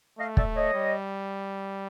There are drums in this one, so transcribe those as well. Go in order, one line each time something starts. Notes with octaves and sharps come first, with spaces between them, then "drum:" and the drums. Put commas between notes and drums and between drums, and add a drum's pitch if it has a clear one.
A3 D#5 F5
D5 E5, drum: kick
C#5 D#5
G3